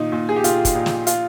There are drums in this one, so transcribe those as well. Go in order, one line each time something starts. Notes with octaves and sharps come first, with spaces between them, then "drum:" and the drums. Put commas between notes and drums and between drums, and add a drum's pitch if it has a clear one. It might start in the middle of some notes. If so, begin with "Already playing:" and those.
Already playing: A#2 D#3 D#4
A#2
G#4
G4
A#2 F4, drum: hi-hat
drum: kick, hi-hat
A#1
drum: snare
F4, drum: hi-hat